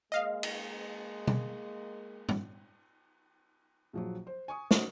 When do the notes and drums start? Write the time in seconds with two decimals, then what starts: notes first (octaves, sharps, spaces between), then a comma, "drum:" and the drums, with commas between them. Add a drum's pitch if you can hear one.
0.12 G#3 A#3 D#5 F5
0.43 drum: cymbal
1.27 drum: tom B2
2.29 drum: tom G#2
3.93 A#1 F3 F#3
4.27 C5
4.48 G#5 C#6 D#6
4.71 C#4 D#4 F#4 C5, drum: snare